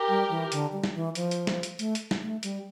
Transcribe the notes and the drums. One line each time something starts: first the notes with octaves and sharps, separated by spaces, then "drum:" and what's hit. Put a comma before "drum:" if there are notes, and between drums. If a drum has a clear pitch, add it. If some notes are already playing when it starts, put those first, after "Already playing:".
Already playing: G4 A#4
G3
E3
D3, drum: hi-hat
G3
drum: snare
E3
F3, drum: hi-hat
drum: hi-hat
drum: snare
drum: hi-hat
A3, drum: hi-hat
drum: hi-hat
drum: snare
A3
G3, drum: hi-hat